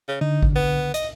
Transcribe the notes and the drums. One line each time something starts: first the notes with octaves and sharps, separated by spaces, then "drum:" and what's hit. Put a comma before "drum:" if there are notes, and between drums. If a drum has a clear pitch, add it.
C#3
D3 D#4
drum: kick G#1
B3
D#5, drum: hi-hat